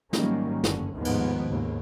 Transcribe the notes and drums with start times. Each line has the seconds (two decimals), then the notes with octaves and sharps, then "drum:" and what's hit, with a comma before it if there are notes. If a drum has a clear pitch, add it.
0.13 G#2 D#3 F#3 G3 A#3 C#4, drum: snare
0.64 F#1 G2 D3 C#4, drum: snare
0.95 A1 D#2 G#2 D#3 F3 B3
1.05 drum: cymbal
1.48 D#2 G#2 C#3